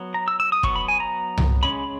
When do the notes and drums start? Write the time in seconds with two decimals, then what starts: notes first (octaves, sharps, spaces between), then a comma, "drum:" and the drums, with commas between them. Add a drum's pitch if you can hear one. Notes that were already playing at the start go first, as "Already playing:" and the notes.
Already playing: F#3 B3
0.14 A#5
0.28 E6
0.40 E6
0.52 D#6
0.63 F#3 B3 C#6, drum: kick
0.76 B5
0.88 G#5
1.00 A#5
1.38 drum: tom C2
1.63 C#3 G#3 C#4 B5